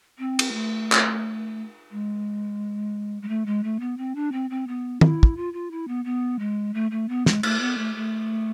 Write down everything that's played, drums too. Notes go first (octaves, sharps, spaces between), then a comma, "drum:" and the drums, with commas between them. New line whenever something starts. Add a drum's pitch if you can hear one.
C4
drum: cymbal
A3
drum: clap
G#3
G#3
A3
G#3
A3
B3
C4
D4
C4
C4
B3
E4, drum: tom
drum: kick
F4
F4
E4
B3
B3
G#3
A3
A3
B3
G#3, drum: snare
A3, drum: cymbal
B3
A3
A3